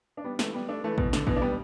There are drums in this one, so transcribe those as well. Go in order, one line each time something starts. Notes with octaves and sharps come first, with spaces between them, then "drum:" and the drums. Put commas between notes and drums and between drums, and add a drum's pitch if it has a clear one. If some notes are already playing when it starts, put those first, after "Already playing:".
D4
G3 B3
E3 A3, drum: snare
G3 B3
A3 D4
E3 A3
B2 E3, drum: kick A1
D3, drum: snare
B2 E3, drum: kick A1
D4
G3 B3